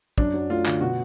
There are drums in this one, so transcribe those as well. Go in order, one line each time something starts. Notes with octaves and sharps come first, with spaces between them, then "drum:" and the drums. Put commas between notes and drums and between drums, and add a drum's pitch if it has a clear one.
F#2 D4, drum: kick
F#3
A3 F4
D3, drum: clap
B2 F#4